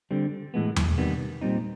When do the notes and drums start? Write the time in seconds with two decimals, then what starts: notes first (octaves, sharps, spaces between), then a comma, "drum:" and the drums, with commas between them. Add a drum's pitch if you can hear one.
0.11 D3 G3 C4
0.54 A2 E3 G#3 B3
0.76 drum: tom E2
0.98 C3 D#3 G3 B3
1.41 A#2 G3 C4 D#4